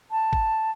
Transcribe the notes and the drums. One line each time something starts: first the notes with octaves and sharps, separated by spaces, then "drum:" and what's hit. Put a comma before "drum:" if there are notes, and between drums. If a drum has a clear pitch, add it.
A5
drum: kick